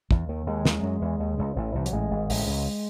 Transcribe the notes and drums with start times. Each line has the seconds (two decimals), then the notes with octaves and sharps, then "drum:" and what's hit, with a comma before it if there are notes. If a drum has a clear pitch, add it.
0.11 E2 E3, drum: kick
0.29 D#2 D#3
0.47 D#2 D#3 G#3
0.65 D#2 D#3, drum: snare
0.83 F#2 F#3
1.02 E2 E3
1.20 D#2 D#3
1.38 C#2 C#3
1.56 A1 A2
1.75 C2 C3 E3
1.86 F#3, drum: hi-hat
1.92 A1 A2 G#3
2.11 G#1 G#2
2.30 A1 A2, drum: open hi-hat
2.40 D#3
2.47 C#2 C#3